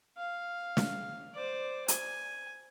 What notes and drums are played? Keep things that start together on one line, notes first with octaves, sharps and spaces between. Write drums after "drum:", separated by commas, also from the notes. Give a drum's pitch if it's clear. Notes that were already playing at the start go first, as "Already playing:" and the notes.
F5
drum: snare
C5 D5
G#5, drum: hi-hat